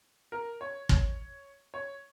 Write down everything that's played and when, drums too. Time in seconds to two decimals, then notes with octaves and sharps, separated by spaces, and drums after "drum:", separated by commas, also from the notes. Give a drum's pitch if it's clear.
0.32 A#4
0.61 C#5
0.89 C#5, drum: kick
1.74 C#5